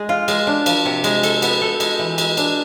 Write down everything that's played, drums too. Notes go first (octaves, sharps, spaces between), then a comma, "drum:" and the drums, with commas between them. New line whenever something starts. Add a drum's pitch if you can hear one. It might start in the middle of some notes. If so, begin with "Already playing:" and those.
Already playing: G#3 G#4
F4
G#3, drum: cymbal
D4
F3, drum: cymbal
C3
G#3, drum: cymbal
A4, drum: cymbal
B3, drum: cymbal
A4
G#3, drum: cymbal
E3
G#3, drum: cymbal
D4, drum: cymbal